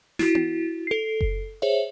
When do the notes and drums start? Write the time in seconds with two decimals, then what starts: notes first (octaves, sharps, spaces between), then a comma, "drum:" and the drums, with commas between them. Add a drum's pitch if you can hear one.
0.19 E4 F#4, drum: snare
0.35 drum: tom B3
0.87 A4 C7
1.21 drum: kick F#1
1.62 G#4 C5 C#5 E5